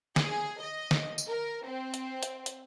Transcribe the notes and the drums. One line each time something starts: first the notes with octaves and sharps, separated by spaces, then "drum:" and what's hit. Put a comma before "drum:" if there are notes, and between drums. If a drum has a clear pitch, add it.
G#4, drum: snare
D#5
drum: snare
drum: tambourine
A#4
C4
drum: hi-hat
drum: hi-hat
drum: hi-hat